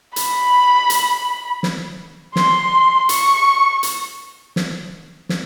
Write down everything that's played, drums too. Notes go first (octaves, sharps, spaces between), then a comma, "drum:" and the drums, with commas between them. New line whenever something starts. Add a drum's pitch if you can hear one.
B5, drum: hi-hat
drum: hi-hat
drum: snare
C6, drum: snare
C#6, drum: hi-hat
drum: hi-hat
drum: snare
drum: snare